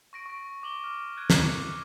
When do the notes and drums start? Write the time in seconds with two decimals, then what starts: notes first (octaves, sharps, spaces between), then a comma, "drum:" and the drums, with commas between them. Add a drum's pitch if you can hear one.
0.13 C#6 A#6 D7
0.26 C#6 A#6
0.62 C#6 D6 F#7 G7
0.84 F6
1.17 F#6 G#6 D7 D#7
1.30 C#7, drum: snare